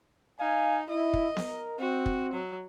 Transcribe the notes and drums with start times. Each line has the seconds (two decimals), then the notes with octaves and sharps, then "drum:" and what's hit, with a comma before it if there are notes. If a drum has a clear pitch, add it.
0.40 D#4 F5 G#5
0.89 E4 D#5
1.13 drum: kick
1.37 A#4, drum: snare B3
1.79 C4 F#4
2.06 drum: kick
2.33 F#3